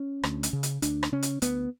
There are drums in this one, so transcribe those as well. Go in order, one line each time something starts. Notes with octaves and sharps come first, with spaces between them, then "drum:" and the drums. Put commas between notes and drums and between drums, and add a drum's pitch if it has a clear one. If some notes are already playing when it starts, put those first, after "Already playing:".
Already playing: C#4
D2, drum: rim click
drum: hi-hat
C#3
drum: hi-hat
D2 D4, drum: hi-hat
drum: rim click
C#3 C#4
drum: hi-hat
D2 B3, drum: hi-hat